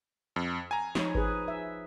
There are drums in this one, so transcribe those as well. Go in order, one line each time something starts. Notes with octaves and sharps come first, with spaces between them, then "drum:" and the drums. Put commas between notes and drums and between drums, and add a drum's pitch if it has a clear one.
F2
G#5 A#5
F3 D#4 C#5, drum: snare
G#4 B4, drum: kick G1
E5